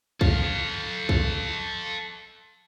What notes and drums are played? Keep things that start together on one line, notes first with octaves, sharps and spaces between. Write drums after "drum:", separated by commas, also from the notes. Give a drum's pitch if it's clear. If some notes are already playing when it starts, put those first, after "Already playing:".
A4 F5, drum: kick
drum: kick